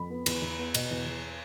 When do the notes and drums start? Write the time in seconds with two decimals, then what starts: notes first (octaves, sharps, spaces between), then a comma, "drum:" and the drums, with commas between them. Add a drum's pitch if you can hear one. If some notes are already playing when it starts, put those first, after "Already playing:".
Already playing: F2 B5
0.10 B3
0.26 E2, drum: cymbal
0.42 E2
0.59 B3
0.74 B2, drum: cymbal
0.91 E2
1.06 E2